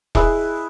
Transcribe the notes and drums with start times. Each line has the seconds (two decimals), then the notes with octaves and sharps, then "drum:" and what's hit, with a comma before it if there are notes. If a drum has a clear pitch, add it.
0.15 E4 G#4 B4 E5, drum: kick E1